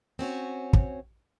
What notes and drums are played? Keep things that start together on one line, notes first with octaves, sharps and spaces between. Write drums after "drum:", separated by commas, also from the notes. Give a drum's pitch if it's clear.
C4 C#4 F#4 C#5
drum: kick